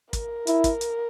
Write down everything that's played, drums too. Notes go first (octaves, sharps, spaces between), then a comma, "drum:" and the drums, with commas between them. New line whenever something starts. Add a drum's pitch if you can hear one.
A#4, drum: kick, hi-hat
E4, drum: hi-hat
drum: kick, hi-hat
drum: hi-hat